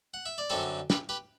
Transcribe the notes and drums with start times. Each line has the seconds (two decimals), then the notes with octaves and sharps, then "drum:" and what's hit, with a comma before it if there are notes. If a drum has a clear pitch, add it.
0.14 F#5
0.26 E5
0.38 D5
0.50 F#2 D3 G3 C4 A4 C5
0.90 G4 B4, drum: snare
1.09 G4 B4